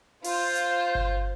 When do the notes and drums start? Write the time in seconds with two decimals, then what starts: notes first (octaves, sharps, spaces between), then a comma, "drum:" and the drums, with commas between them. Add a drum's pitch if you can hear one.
0.24 F4 C5, drum: open hi-hat
0.55 drum: hi-hat
0.95 drum: kick G1